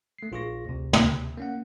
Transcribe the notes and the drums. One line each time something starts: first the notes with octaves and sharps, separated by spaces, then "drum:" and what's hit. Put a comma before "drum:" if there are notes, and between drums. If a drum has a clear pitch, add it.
A3 C7
A#1 F4 G#4 C#6 A#6
D2 C3
drum: tom
A#3 C#4 F#5